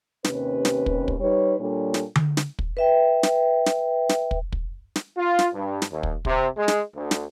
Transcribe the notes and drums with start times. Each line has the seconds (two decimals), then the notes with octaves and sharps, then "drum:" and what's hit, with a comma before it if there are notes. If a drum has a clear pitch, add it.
0.24 D#2 C3 C#4 B4, drum: snare
0.65 drum: snare
0.86 drum: kick
1.08 drum: kick
1.20 G3 D#4 B4 C#5
1.59 A#2 G3 D4 A4 C#5
1.94 drum: snare
2.16 drum: tom D3
2.37 drum: snare
2.59 drum: kick
2.77 B4 E5 G5
3.23 drum: snare
3.66 drum: snare
4.09 drum: snare
4.31 drum: kick
4.52 drum: kick
4.96 drum: snare
5.18 F4
5.39 drum: snare
5.55 G2
5.82 drum: snare
5.91 D#2
6.03 drum: kick
6.25 C3, drum: kick
6.56 G#3
6.68 drum: snare
6.94 D2
7.11 drum: snare